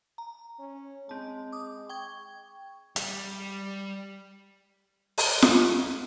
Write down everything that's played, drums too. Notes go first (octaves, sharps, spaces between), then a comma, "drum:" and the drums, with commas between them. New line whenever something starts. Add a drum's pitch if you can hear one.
A#5
C#4
G#3 C4 A5
D6 D#6
G5 C#6 G#6
G3, drum: hi-hat
drum: open hi-hat
D#4 E4 F5 F#5 C#6, drum: snare F4